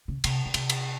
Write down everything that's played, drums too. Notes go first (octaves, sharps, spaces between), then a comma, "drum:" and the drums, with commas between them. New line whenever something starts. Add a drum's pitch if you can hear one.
C#3
C3, drum: cymbal
C#3
C3, drum: cymbal
drum: cymbal